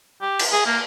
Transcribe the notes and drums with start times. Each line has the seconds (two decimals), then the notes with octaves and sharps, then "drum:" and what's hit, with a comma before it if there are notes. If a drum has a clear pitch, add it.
0.21 G4
0.39 drum: cymbal
0.52 G#4
0.66 A#3